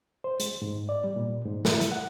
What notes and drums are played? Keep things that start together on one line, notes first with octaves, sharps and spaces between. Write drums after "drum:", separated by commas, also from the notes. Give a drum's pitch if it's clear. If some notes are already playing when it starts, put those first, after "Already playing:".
C5
G#3, drum: hi-hat
G#2
D5
G3
A#2
G#2
E4, drum: snare
drum: hi-hat
F#5